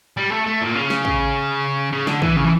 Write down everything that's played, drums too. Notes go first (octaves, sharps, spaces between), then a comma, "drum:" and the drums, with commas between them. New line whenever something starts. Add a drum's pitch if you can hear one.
G3
A3
A3
A#2
C#3
drum: snare
drum: kick
C#3
D3, drum: snare
E3, drum: kick
C#3
E3